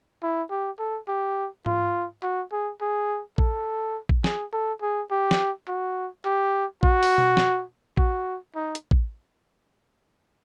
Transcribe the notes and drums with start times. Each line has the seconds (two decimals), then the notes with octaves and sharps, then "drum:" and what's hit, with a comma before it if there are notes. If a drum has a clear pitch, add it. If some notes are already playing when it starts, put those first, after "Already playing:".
0.22 E4
0.50 G4
0.79 A4
1.08 G4
1.66 F4, drum: tom G#2
2.23 F#4
2.52 G#4
2.81 G#4
3.38 A4, drum: kick
4.09 drum: kick
4.24 G#4, drum: snare
4.53 A4
4.82 G#4
5.11 G4
5.31 drum: snare
5.68 F#4
6.25 G4
6.83 F#4, drum: kick
7.03 drum: open hi-hat
7.18 drum: tom B2
7.37 drum: snare
7.97 F#4, drum: kick
8.55 D#4
8.75 drum: hi-hat
8.91 drum: kick